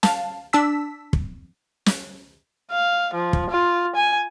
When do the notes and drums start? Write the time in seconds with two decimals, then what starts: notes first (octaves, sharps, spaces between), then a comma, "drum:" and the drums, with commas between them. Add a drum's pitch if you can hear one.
0.03 F5 A5, drum: snare
0.53 D4 A5 E6 B6
1.13 drum: kick
1.86 drum: snare
2.71 F5
3.14 F3
3.33 drum: kick
3.50 F4
3.96 G#5